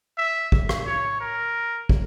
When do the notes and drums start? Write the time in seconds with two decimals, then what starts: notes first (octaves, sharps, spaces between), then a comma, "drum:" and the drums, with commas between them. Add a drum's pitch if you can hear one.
0.18 E5
0.52 drum: kick
0.69 drum: rim click
0.86 C#5
1.21 A#4
1.89 drum: kick